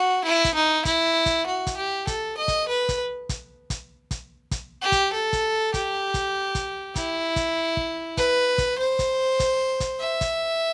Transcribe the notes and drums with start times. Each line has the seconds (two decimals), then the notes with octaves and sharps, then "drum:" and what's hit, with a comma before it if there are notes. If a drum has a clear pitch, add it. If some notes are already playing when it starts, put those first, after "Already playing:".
Already playing: F#4
0.24 E4
0.45 drum: kick, hi-hat
0.55 D#4
0.85 E4, drum: kick, hi-hat
1.26 drum: kick, hi-hat
1.46 F#4
1.67 drum: kick, hi-hat
1.77 G4
2.07 A4, drum: kick, hi-hat
2.38 D#5
2.48 drum: kick, hi-hat
2.68 B4
2.89 drum: kick, hi-hat
3.29 drum: kick, hi-hat
3.70 drum: kick, hi-hat
4.11 drum: kick, hi-hat
4.51 drum: kick, hi-hat
4.82 G4
4.92 drum: kick, hi-hat
5.13 A4
5.33 drum: kick, hi-hat
5.74 G4, drum: kick, hi-hat
6.14 drum: kick, hi-hat
6.55 drum: kick, hi-hat
6.96 E4, drum: kick, hi-hat
7.36 drum: kick, hi-hat
7.77 drum: kick
8.17 B4, drum: kick, hi-hat
8.58 drum: kick, hi-hat
8.78 C5
8.99 drum: kick, hi-hat
9.40 drum: kick, hi-hat
9.80 drum: kick, hi-hat
10.00 E5
10.21 drum: kick, hi-hat